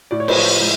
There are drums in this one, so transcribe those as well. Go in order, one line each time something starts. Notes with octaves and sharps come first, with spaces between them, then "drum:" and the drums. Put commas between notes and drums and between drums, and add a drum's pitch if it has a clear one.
A2 D5
C#5
C5, drum: cymbal
F3 C#5
G#3